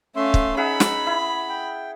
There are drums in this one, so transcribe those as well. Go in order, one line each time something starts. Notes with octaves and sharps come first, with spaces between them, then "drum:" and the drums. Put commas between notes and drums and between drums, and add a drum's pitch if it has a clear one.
A3 C#4 E5 F5 C6
drum: kick
D#4 G#4 E5 F#5 B5
drum: snare
E4
G5